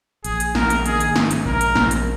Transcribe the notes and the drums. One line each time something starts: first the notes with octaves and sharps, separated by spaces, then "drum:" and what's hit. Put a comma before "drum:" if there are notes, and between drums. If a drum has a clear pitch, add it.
A#1 G#4, drum: hi-hat
drum: hi-hat
A#1 A#4, drum: snare
drum: hi-hat
D#3 G#4, drum: hi-hat
drum: hi-hat
G#2, drum: snare
drum: hi-hat
A#1 A#4
drum: hi-hat
A#1, drum: snare
drum: hi-hat